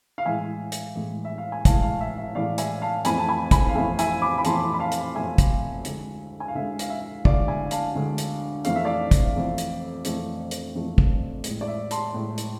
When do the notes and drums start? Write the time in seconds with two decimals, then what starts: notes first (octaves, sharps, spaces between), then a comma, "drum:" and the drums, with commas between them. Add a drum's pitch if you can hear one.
0.18 F5
0.25 A2 E3 G#3 E5 G#5
0.72 drum: hi-hat
0.95 A2 E3 G#3
1.25 E5
1.38 F5
1.52 G#5
1.65 A2 E3 G#3 F5 A5, drum: kick, hi-hat
1.82 F5 A5
2.00 E5
2.18 E5
2.35 A2 E3 G#3 D5 F5
2.58 E5 G#5, drum: hi-hat
2.82 F5 A5
3.05 F2 E3 A3 G#5 B5, drum: hi-hat
3.18 A5
3.28 G#5 B5
3.51 G#5 B5, drum: kick, hi-hat
3.69 F5
3.75 F2 E3 A3 E5 G#5
3.99 E5 G#5, drum: hi-hat
4.22 B5 D6
4.38 B5
4.45 F2 E3 A3 A5 C6, drum: hi-hat
4.74 B5
4.79 F5 A5
4.92 drum: hi-hat
5.14 F2 E3 A3 E5 G#5
5.38 drum: kick, hi-hat
5.85 D2 D3 G#3, drum: hi-hat
6.40 G#5
6.48 F5
6.55 D2 D3 G#3 E5
6.79 F5, drum: hi-hat
6.90 E5
7.25 D2 D3 G#3 D5 F5, drum: kick
7.48 E5 G#5
7.71 F5 A5, drum: hi-hat
7.95 D2 D3 G#3
8.18 drum: hi-hat
8.65 F2 E3 A3 F5, drum: hi-hat
8.75 E5
8.85 D5 F5
9.11 drum: kick, hi-hat
9.35 F2 E3 A3
9.58 drum: hi-hat
10.05 F2 E3 A3, drum: hi-hat
10.51 drum: hi-hat
10.75 F2 E3 A3
10.98 drum: kick
11.44 A2 G#3, drum: hi-hat
11.61 D5
11.68 E5
11.91 A5 C6, drum: hi-hat
12.14 A2 G#3
12.38 drum: hi-hat